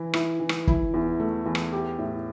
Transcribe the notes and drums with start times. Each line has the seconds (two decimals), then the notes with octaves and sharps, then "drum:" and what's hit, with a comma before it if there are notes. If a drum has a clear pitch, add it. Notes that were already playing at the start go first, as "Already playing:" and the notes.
Already playing: E3 E4
0.14 E4, drum: rim click
0.40 E3
0.49 drum: rim click
0.67 E4, drum: kick
0.94 E2
1.20 A3
1.46 E2
1.55 drum: rim click
1.72 G4
1.99 A2